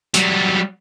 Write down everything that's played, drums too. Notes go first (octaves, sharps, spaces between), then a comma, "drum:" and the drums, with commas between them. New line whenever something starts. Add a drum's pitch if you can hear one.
F#3 G3, drum: hi-hat